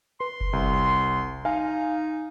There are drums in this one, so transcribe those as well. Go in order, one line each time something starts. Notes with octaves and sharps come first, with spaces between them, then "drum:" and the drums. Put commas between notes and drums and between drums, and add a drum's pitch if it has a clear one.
B4 C6
drum: kick F#1
C2
D#4 F5 G#5 F6